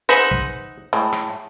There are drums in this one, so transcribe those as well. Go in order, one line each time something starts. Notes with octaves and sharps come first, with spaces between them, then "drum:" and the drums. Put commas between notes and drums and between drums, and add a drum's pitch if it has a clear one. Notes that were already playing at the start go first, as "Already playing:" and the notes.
D#4 G#4 B4 C5 E5 F#5, drum: hi-hat
drum: kick
A2 G#3
drum: rim click